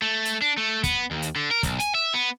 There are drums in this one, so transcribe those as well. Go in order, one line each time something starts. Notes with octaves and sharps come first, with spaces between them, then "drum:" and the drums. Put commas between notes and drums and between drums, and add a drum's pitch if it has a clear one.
A3
drum: hi-hat
D4
A3
B3, drum: kick, hi-hat
D#2
drum: hi-hat
D3
A#4
B1, drum: kick, hi-hat
G#5, drum: hi-hat
E5
B3